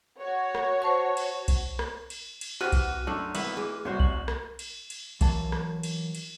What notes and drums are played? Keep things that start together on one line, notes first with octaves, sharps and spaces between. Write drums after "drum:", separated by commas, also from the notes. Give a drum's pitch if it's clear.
F#4 C#5
drum: rim click
C5 A5 C#6
drum: cymbal
drum: kick B1, cymbal
drum: rim click
drum: cymbal
drum: cymbal
C3 E3 F#4 G4 F6 F#6 D#7
drum: kick B1, cymbal
F#2 D3 A3
G#1 B3 E4, drum: cymbal
E3 G#3 D6
C2 F#4 C5 C#5
F#7, drum: kick B1
drum: rim click
drum: cymbal
drum: cymbal
E3 F#3 A#3 A5, drum: kick B1, cymbal
drum: rim click
drum: cymbal
drum: cymbal